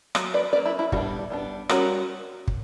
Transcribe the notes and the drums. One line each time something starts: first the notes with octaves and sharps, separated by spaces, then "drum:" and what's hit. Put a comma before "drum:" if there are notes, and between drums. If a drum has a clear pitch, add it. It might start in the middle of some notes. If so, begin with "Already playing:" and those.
F#3 A#3, drum: rim click
B4 D5
C#4 B4 D5
F#3 A#3
E4
E4
G3 B3 D4 F#4, drum: kick
G3 B3 D4
G3 C#4 F#4 A#4, drum: rim click
drum: kick